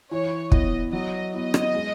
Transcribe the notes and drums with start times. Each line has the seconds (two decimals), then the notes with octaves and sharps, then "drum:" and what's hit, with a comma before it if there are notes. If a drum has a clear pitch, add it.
0.11 E3 C#5
0.52 B3 E4 D#5, drum: kick
0.92 F#3 D#5
1.34 B3 E4 D#5
1.54 drum: rim click
1.75 G#3